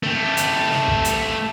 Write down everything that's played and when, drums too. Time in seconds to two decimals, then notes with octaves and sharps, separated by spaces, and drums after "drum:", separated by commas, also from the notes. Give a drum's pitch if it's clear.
0.03 A3 G4
0.37 drum: hi-hat
0.71 drum: snare
0.88 drum: kick
1.05 drum: hi-hat